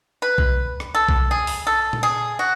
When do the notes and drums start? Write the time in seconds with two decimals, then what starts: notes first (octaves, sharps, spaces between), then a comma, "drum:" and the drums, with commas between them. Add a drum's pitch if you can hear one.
0.22 B4
0.38 drum: kick B1
0.80 drum: rim click
0.95 A4
1.09 drum: kick B1
1.31 G#4
1.47 drum: open hi-hat
1.67 A4
1.93 drum: tom A#2
2.03 G#4
2.39 F#4